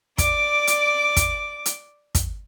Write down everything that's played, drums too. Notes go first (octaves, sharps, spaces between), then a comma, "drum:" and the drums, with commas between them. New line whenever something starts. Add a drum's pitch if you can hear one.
D5 D6, drum: kick, hi-hat
drum: hi-hat
drum: kick, hi-hat
drum: hi-hat
drum: kick, hi-hat